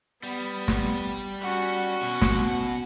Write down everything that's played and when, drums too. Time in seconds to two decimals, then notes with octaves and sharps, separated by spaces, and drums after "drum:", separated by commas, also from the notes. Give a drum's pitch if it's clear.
0.23 G3 B3
0.68 drum: snare
1.41 C#4 F#4 F#5
2.02 B2
2.22 drum: snare